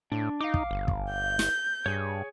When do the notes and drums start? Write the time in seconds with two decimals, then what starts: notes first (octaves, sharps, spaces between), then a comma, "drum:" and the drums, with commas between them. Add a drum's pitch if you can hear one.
0.12 A2 D4
0.41 D#4 F5 D6
0.54 drum: kick
0.71 G1
0.88 drum: kick
1.10 G6
1.39 drum: snare
1.86 G2 G#4 C#5